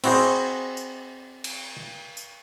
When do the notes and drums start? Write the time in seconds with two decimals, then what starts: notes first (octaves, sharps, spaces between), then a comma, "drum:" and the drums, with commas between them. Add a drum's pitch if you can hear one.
0.04 C4 E4 F#4 G#4 C5, drum: cymbal
0.77 drum: tambourine
1.44 drum: cymbal
2.17 drum: tambourine